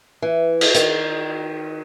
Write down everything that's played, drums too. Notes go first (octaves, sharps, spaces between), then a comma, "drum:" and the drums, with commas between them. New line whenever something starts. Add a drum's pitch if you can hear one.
E3
drum: cymbal
D#3, drum: hi-hat